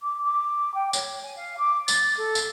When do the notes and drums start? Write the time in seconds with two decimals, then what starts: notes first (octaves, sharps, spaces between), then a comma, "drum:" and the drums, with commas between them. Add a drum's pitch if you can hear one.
0.01 D6
0.24 D6
0.74 G5
0.93 C#5, drum: tambourine
1.23 G#5
1.36 F5
1.58 D6
1.88 A6, drum: tambourine
2.17 A4
2.35 drum: tambourine